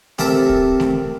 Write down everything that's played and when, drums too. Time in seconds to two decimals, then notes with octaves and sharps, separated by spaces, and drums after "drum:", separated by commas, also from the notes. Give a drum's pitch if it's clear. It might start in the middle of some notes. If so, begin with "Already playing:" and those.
0.18 C4 G4 A4 A#4 E5, drum: snare
0.49 drum: kick
0.80 drum: snare